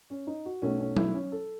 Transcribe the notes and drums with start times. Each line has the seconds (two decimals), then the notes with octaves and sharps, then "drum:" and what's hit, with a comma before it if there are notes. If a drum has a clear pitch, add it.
0.10 C#4
0.27 D#4
0.45 F#4
0.62 B1 B2 A3 C#4
0.80 C#4
0.97 E4, drum: tom F#3
1.14 C#4
1.32 A4